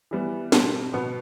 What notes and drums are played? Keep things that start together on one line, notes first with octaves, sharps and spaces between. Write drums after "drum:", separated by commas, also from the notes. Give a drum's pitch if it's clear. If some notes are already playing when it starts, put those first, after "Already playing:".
E3 G3 B3
B2 G3 C4 A5, drum: snare
B2 B3